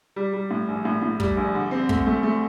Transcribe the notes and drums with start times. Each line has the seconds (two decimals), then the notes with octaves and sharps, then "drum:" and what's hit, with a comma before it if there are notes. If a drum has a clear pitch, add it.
0.16 G3
0.33 G3
0.51 A2
0.68 A#1
0.85 A2
1.02 A2
1.20 G3, drum: kick
1.37 A#1
1.54 D3
1.71 C4
1.89 A3, drum: kick
2.06 A3
2.23 A3